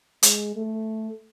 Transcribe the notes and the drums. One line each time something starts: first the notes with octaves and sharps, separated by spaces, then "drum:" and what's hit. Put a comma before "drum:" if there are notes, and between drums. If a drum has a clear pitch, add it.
G#3, drum: hi-hat
A3